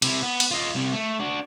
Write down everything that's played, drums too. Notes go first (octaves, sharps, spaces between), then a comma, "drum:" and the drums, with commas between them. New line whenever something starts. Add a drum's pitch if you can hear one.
C3 E4, drum: cymbal
B3
drum: cymbal
F4 D#5
C2 C3
A3
D4 F#4